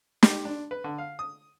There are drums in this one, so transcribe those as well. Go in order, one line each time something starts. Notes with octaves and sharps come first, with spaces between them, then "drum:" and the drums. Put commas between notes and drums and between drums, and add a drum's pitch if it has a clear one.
G4, drum: snare
D4
B4
D3
F5
D#6